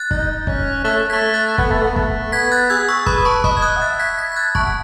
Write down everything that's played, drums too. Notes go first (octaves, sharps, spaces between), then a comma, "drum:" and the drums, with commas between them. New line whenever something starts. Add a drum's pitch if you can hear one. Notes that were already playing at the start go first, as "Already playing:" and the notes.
Already playing: F#6 A6
D#4, drum: kick
C#4, drum: kick
A3 F#6 A6
A3 G#6 B6
F#6 A6
B3, drum: kick
A3
B3
A3, drum: kick
B3 G#6 B6
F#6 A6
G#4 E6 G#6
C#6 E6
B4 B5 D#6, drum: kick
A5 C#6
D#5 B5 D#6, drum: kick
G#6
D#6 F#6
F#5
E5 F#6 A6
G#6 B6
G#6 B6
G#6
F#6 A6
E5 A5 C#6, drum: kick
F#5